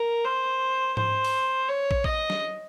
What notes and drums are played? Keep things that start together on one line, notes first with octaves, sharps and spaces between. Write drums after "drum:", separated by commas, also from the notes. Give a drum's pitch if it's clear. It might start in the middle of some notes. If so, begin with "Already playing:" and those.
Already playing: A#4
C5
C5, drum: tom G#2
drum: open hi-hat
C#5
drum: kick
D#5, drum: kick
drum: snare